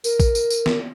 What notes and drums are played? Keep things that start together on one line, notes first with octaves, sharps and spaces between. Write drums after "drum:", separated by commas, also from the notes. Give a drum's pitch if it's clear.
A#4, drum: tambourine
drum: kick, tambourine
drum: tambourine
drum: tambourine
drum: snare